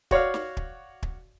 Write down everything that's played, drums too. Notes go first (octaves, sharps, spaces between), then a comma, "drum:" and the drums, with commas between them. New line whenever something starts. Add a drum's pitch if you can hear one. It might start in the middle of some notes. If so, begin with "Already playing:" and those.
F#4 C#5 D5 F5, drum: kick
drum: snare
drum: kick
drum: kick